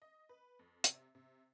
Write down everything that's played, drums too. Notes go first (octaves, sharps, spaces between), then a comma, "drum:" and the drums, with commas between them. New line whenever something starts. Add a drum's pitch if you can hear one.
D#5
B4
F2
C3, drum: hi-hat
C3